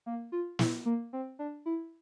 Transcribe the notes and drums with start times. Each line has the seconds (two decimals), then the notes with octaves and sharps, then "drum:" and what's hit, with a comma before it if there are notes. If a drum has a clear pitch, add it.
0.06 A#3
0.32 F4
0.59 E4, drum: snare
0.85 A#3
1.13 C4
1.39 D4
1.66 E4